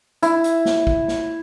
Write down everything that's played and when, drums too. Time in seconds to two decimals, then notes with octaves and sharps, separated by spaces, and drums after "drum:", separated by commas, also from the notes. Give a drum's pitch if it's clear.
0.23 E4, drum: hi-hat
0.44 drum: hi-hat
0.65 drum: snare
0.87 drum: kick
1.08 drum: snare